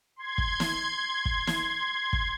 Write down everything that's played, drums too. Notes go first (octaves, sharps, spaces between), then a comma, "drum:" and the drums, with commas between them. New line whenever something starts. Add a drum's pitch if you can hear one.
C6 G#6
drum: kick
drum: snare
drum: kick
drum: snare
drum: kick